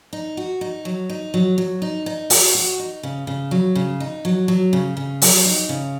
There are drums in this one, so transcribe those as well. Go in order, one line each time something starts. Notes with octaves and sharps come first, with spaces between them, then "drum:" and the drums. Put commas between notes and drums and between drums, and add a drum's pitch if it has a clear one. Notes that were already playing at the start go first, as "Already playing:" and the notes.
D#4
F#4
D#4
F#3
D#4
F#3
F#3
D#4
D#4
F#4, drum: open hi-hat
F#4
D#4
C#3
C#3
F#3
C#3
D#4
F#3
F#3
C#3
C#3
F#3, drum: open hi-hat
D#4
C#3